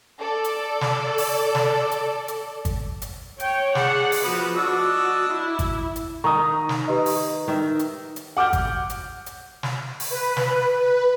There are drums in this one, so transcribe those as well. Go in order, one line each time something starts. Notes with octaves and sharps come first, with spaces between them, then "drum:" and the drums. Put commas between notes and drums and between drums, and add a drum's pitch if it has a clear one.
A4 D5
drum: hi-hat
drum: snare
drum: open hi-hat
drum: snare
drum: hi-hat
drum: hi-hat
drum: kick G#1, hi-hat
drum: hi-hat
C#5 G5, drum: hi-hat
D4 G#4 F#5, drum: snare
drum: open hi-hat
F3 B3 F#4 B4
D4 F#4 D#5 E6
F#4
E4
drum: kick G#1, hi-hat
drum: hi-hat
D#3 D#4 A#5 C#6 D#6
drum: snare
G4 B4 D#5
drum: open hi-hat
D#3 D#4 E5
drum: hi-hat
drum: hi-hat
F#5 D6 F6 G6
drum: kick G#1, hi-hat
drum: hi-hat
drum: hi-hat
drum: snare
drum: open hi-hat
B4
drum: snare
B4